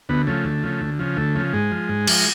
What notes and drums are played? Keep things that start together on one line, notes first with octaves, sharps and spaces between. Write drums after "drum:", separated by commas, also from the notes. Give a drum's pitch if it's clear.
D2 B3
C#3 F3 A3
D2
C#3 F3
D2
C#3 F3
D2 A3
C#3 F3
G#2 G#3
F3
G#2
F3, drum: cymbal